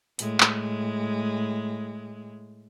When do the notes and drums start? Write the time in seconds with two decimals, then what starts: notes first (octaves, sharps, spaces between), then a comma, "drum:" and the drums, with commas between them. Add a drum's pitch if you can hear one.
0.19 A2 G#3, drum: hi-hat
0.40 drum: clap